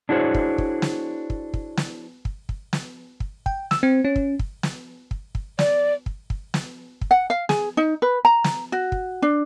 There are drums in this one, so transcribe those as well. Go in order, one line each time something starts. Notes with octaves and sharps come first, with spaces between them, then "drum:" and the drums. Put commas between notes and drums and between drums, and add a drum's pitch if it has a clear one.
D4 E4 F#4 G#4 C5 C#5
drum: kick
drum: kick
drum: snare
drum: kick
drum: kick
drum: snare
drum: kick
drum: kick
drum: snare
drum: kick
G5, drum: kick
E6, drum: snare
C4
C#4
drum: kick
drum: kick
drum: snare
drum: kick
drum: kick
D5, drum: snare
drum: kick
drum: kick
drum: snare
drum: kick
F#5
F5
G#4, drum: snare
D#4
B4
A#5
drum: snare
F#4
drum: kick
D4